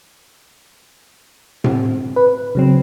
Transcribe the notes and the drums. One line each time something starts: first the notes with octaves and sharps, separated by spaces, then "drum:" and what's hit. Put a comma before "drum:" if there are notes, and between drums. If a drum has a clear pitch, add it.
C4, drum: tom A2
B4
C#3 F#3 C4